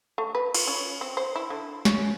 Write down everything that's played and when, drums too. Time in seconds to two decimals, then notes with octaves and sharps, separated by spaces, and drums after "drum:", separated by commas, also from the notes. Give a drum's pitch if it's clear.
0.18 A3
0.35 B4
0.54 F4, drum: cymbal
0.67 C#4
1.01 C4
1.17 C5
1.36 E4
1.50 D3
1.85 C#4, drum: snare